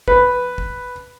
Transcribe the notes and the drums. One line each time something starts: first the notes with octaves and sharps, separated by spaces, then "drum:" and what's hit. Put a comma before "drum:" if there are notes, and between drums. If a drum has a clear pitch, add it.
B4, drum: kick
drum: kick